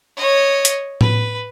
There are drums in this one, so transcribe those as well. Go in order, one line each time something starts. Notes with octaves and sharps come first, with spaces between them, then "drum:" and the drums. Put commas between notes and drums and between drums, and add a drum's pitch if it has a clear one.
C#5 D#5
drum: hi-hat
B4, drum: tom A2